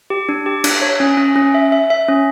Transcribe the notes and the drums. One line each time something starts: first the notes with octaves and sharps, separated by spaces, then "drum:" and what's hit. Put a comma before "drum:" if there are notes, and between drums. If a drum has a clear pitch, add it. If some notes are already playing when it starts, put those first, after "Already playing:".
G4
D4
G4
D4, drum: cymbal
C#5
C#4
C#4
C#4
E5
E5
E5
C#4